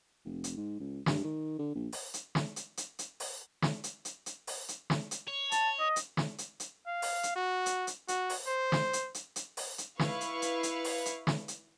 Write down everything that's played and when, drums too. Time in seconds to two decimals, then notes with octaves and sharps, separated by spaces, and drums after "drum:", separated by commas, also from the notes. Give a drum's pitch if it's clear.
0.25 F1
0.44 drum: hi-hat
0.57 G#2
0.80 C#2
1.06 G2, drum: snare
1.24 D#3
1.59 D3
1.75 A#1
1.92 drum: open hi-hat
2.14 drum: hi-hat
2.35 drum: snare
2.56 drum: hi-hat
2.77 drum: hi-hat
2.99 drum: hi-hat
3.20 drum: open hi-hat
3.62 drum: snare
3.84 drum: hi-hat
4.05 drum: hi-hat
4.26 drum: hi-hat
4.47 drum: open hi-hat
4.69 drum: hi-hat
4.90 drum: snare
5.11 drum: hi-hat
5.28 C#5
5.52 A5, drum: hi-hat
5.79 D#5
5.96 drum: hi-hat
6.17 drum: snare
6.38 drum: hi-hat
6.60 drum: hi-hat
6.86 F5
7.02 drum: open hi-hat
7.23 drum: hi-hat
7.36 F#4
7.66 drum: hi-hat
7.87 drum: hi-hat
8.08 F#4, drum: hi-hat
8.30 drum: open hi-hat
8.47 C5
8.72 drum: snare
8.93 drum: hi-hat
9.14 drum: hi-hat
9.36 drum: hi-hat
9.57 drum: open hi-hat
9.78 drum: hi-hat
9.99 E4 B4 F5 C#6, drum: snare
10.21 drum: hi-hat
10.42 drum: hi-hat
10.63 drum: hi-hat
10.84 drum: open hi-hat
11.06 drum: hi-hat
11.27 drum: snare
11.48 drum: hi-hat